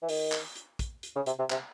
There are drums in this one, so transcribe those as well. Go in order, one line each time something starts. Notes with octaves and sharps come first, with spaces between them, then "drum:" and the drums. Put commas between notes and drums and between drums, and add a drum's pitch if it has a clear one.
E3
D#3, drum: open hi-hat
drum: clap
drum: hi-hat
drum: kick, hi-hat
drum: hi-hat
C#3
C3, drum: hi-hat
C3
C3, drum: clap